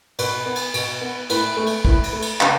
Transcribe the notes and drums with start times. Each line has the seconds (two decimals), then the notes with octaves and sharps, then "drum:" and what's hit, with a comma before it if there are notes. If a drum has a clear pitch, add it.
0.19 B2 B4, drum: cymbal
0.46 B3
0.56 drum: cymbal
0.74 B2, drum: cymbal
1.01 B3
1.30 A2 B4, drum: cymbal
1.57 A3
1.67 drum: cymbal
1.85 A2 B4, drum: kick
2.04 drum: cymbal
2.13 A3
2.22 drum: cymbal
2.41 C#3, drum: clap